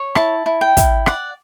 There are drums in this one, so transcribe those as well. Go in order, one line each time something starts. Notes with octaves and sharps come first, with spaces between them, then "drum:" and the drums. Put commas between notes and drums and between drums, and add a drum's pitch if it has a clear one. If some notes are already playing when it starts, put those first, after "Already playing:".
Already playing: C#5
E4 A5, drum: rim click
E4
G5
E4, drum: kick, hi-hat
D5 F#5, drum: rim click